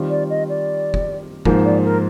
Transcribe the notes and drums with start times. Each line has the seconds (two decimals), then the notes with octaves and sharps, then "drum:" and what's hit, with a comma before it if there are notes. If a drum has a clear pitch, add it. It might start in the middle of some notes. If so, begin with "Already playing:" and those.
Already playing: D#3 G3 C4 F4
0.10 D5
0.30 D#5
0.49 D5
0.94 drum: kick
1.45 G#2 F3 A#3 D#4 C5, drum: kick
1.64 D5
1.84 A#4